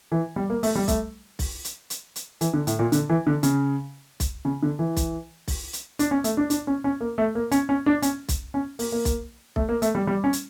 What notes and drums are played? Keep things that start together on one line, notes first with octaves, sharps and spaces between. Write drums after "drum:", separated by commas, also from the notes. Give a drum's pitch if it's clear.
E3
G3
A#3
A3, drum: open hi-hat
G3
A3, drum: kick B1, hi-hat
drum: kick B1, open hi-hat
drum: hi-hat
drum: hi-hat
drum: hi-hat
E3, drum: hi-hat
D3
A2, drum: hi-hat
A#2
D3, drum: hi-hat
E3
D3
C#3, drum: hi-hat
drum: kick B1, hi-hat
C#3
D3
E3
drum: kick B1, hi-hat
drum: kick B1, open hi-hat
drum: hi-hat
D4, drum: hi-hat
C#4
A3, drum: hi-hat
D4
D4, drum: hi-hat
C#4
C#4
A#3
A3
A#3
C#4, drum: hi-hat
C#4
D4
C#4, drum: hi-hat
drum: kick B1, hi-hat
C#4
A#3, drum: open hi-hat
A#3
drum: kick B1, hi-hat
A3, drum: kick B1
A#3
A3, drum: hi-hat
G3
G3
C#4
drum: hi-hat